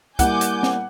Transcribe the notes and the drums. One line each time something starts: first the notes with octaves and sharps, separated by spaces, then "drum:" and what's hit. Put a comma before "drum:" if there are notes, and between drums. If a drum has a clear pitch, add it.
G3 A#3 E4 F#5 G#5 D6 G6, drum: kick, hi-hat
drum: hi-hat
drum: snare